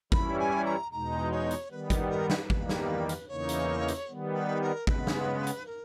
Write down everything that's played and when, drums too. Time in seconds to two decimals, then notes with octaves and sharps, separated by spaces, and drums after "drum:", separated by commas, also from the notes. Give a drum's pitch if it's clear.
0.12 E3 G3 C#4 E4 B5, drum: kick G#1
0.39 G#5
0.65 A#5
0.91 E2 B2 G#3 D#4 A#5
1.31 C#5
1.51 drum: hi-hat
1.71 D#3 G3 B3 B4
1.90 drum: kick G#1, hi-hat
2.10 A#4
2.30 B4, drum: snare
2.50 E2 D#3 G3 A#3, drum: kick G#1
2.69 drum: snare
3.09 drum: hi-hat
3.28 E2 C#3 E3 A#3 D#4 C#5
3.49 drum: hi-hat
3.88 drum: hi-hat
4.08 D#3 G3 B3
4.34 B4
4.61 A#4
4.87 C#3 G#3 B3 B4, drum: kick G#1
5.07 drum: snare
5.47 drum: hi-hat
5.66 A#4